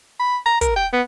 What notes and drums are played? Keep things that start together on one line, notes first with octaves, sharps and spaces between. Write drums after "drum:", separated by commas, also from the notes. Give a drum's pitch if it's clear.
B5
A#5
A#4, drum: kick, hi-hat
G5
B3